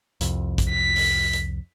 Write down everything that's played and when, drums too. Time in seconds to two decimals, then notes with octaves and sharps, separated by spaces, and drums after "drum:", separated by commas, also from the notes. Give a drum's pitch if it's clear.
0.21 C2 F2, drum: hi-hat
0.58 drum: kick, hi-hat
0.70 B6
0.96 drum: open hi-hat
1.33 drum: hi-hat